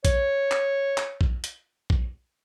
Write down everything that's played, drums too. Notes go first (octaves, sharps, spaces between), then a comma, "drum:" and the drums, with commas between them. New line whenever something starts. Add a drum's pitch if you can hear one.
C#5, drum: kick A#1, hi-hat
drum: clap
drum: clap
drum: kick A#1
drum: hi-hat
drum: kick A#1